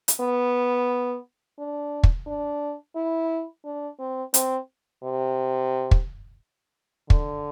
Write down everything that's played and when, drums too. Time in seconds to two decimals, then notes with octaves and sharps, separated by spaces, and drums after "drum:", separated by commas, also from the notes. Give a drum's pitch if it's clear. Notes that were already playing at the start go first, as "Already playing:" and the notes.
0.08 drum: hi-hat
0.20 B3
1.59 D4
2.03 drum: kick
2.27 D4
2.96 E4
3.65 D4
3.99 C4
4.34 C4, drum: hi-hat
5.03 C3
5.91 drum: kick
7.10 D3, drum: kick